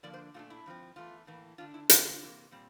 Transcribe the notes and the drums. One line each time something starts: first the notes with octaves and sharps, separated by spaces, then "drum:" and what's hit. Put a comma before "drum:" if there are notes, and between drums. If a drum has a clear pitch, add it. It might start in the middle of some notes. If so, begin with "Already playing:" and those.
D3 F3 A#3 D4 D5
C5
A#2 A3 D4 F4
E4
G2 F3 C4
E2 E3 A3 F4
A2 E3 A#3
D3 A3 D4 F4
E4
D3 G3 A#3 F4, drum: hi-hat
C3 E3 A#3
A#2 G3 C4